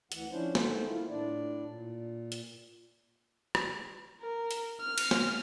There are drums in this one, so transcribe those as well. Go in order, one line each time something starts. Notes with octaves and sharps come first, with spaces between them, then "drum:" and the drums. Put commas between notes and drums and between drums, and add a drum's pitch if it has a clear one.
D2 E3 F#5, drum: hi-hat
F3 C#4 D4 E4 C5
D#3 A3 B3 A4 C5, drum: snare A#3
A#3 E4 F4
A2 D4 D5
A#2
drum: hi-hat
drum: rim click
A#4
drum: hi-hat
F6
drum: cymbal
drum: snare A#3